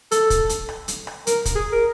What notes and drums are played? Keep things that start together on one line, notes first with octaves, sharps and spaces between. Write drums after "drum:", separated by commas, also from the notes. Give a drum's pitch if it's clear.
A4, drum: hi-hat
drum: kick, hi-hat
drum: hi-hat
drum: rim click
drum: hi-hat
drum: rim click
A#4, drum: hi-hat
drum: kick, hi-hat
G#4
A#4